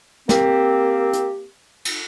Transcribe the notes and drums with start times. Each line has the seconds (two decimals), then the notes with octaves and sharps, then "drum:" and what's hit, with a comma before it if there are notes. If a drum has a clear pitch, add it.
0.29 A#3 C4 G4, drum: snare
1.13 drum: hi-hat
1.85 drum: cymbal